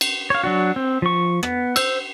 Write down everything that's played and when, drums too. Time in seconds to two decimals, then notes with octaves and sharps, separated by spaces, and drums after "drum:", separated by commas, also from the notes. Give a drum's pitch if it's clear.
0.01 drum: cymbal
0.30 C#5 F5
0.44 F#3 D4 F#4
0.76 C4
1.02 F3 C#6
1.43 B3, drum: rim click
1.76 C5 E6, drum: cymbal